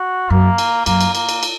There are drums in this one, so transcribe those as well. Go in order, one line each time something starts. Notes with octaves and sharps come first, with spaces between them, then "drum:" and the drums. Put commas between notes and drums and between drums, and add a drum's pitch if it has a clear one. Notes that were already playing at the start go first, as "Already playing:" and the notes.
Already playing: F#4
F#2 A#3
drum: cymbal
F#2 A#3, drum: cymbal
drum: cymbal
A#3, drum: cymbal
drum: cymbal
drum: cymbal